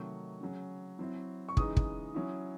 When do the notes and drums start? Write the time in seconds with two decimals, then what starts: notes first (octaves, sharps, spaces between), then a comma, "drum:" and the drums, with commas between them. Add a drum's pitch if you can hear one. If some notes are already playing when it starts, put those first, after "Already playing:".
Already playing: C3 D#3 F#3 A3 D#4 C#6
0.41 C#3 F#3 C#4
0.99 F#3 C4 E4
1.49 C#6
1.57 C#3 E3 G#3 D#4 D#6, drum: kick
1.77 drum: kick
2.15 F#3 C#4 E4